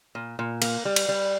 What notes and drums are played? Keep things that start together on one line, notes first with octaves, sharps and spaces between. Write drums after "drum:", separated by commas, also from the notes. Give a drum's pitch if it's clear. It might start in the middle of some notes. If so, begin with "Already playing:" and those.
A#2
A#2
A#3, drum: cymbal
G3
drum: cymbal
G3